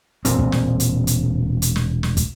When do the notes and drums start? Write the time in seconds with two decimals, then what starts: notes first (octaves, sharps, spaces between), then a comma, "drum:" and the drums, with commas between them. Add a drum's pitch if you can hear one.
0.25 E1 A#2 C4, drum: hi-hat
0.39 drum: kick
0.52 drum: snare
0.80 drum: hi-hat
1.07 drum: hi-hat
1.62 drum: hi-hat
1.76 drum: snare
2.03 drum: snare
2.17 drum: kick, hi-hat